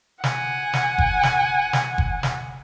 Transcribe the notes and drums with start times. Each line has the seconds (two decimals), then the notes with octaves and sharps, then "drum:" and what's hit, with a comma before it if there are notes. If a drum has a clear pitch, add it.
0.24 F#5 G#5, drum: snare
0.73 drum: snare
0.98 drum: kick F#1
1.23 drum: snare
1.73 drum: snare
1.98 drum: kick F#1
2.23 drum: snare